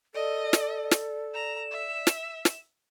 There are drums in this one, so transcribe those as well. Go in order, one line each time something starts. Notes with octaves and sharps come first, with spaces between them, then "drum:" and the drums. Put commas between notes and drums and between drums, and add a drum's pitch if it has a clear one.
A4 D5 D#5
drum: snare
drum: snare
A#5 E7
E5
drum: snare
drum: snare